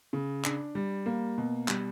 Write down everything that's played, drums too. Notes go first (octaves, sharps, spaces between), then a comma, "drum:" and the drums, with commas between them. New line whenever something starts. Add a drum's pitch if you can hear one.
C#3
D4, drum: clap
G3
A#3
B2
G3, drum: clap